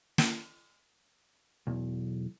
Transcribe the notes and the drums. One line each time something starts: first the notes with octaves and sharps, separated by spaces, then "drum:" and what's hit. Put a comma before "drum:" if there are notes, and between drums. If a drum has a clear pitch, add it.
drum: snare
B1 E2